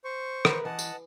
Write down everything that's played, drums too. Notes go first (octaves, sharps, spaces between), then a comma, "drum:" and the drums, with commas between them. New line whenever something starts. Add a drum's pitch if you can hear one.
C5 C#6
A#4 B4, drum: rim click
E3 D#5 F#5 A5
drum: tambourine